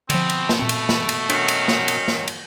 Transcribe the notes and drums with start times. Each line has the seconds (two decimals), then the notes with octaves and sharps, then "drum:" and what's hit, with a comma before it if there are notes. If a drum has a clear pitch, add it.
0.10 B2 D3 F3 C4, drum: cymbal
0.30 drum: cymbal
0.49 drum: snare
0.59 A#2 A3 C4
0.69 drum: cymbal
0.89 drum: snare
1.09 drum: cymbal
1.30 F#2 D#3 F#3 D4, drum: cymbal
1.48 drum: cymbal
1.68 drum: snare
1.88 drum: cymbal
2.08 drum: snare
2.28 drum: cymbal